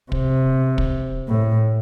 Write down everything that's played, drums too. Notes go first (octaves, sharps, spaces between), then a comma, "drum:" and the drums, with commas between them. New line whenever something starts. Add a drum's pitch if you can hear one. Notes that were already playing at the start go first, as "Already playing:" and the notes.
C3, drum: kick
drum: kick
A2